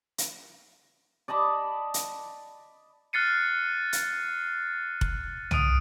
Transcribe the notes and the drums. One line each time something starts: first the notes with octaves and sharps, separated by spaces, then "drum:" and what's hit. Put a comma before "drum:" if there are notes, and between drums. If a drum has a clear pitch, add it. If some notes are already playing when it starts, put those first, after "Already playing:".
drum: hi-hat
D5 D#5 A5 B5
drum: hi-hat
F6 F#6 A6 C7 C#7 D#7
drum: hi-hat
drum: kick F1
D#6 D7 D#7, drum: tom C2